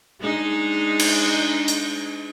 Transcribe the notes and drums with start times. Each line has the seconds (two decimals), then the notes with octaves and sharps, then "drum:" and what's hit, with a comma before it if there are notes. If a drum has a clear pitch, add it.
0.20 G#3 D4 D#4
0.99 drum: cymbal
1.68 drum: hi-hat